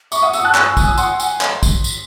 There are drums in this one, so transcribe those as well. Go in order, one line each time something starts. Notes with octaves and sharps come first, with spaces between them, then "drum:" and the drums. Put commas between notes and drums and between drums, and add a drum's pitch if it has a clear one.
E5 C#6, drum: tambourine
F#5 D#6
F#5 E6, drum: tambourine
A5 F#6
G#5 F#6, drum: clap
E6
G#5, drum: kick, tambourine
D#6
F#5 C6, drum: tambourine
G#5, drum: tambourine
drum: clap
drum: kick, tambourine
drum: tambourine